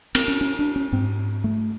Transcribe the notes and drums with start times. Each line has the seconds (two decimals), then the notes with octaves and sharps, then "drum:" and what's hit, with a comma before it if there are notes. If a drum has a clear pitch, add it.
0.15 C4, drum: cymbal
0.28 C#4
0.41 C#4
0.59 D4
0.76 C#4
0.92 G#2 C4
1.44 A3